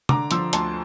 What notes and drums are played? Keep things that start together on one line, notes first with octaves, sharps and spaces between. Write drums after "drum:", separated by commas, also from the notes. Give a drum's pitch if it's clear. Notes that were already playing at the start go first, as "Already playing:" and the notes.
D3 A#5 D6, drum: tom
F3 C6 E6, drum: hi-hat
D2 A5 C6, drum: hi-hat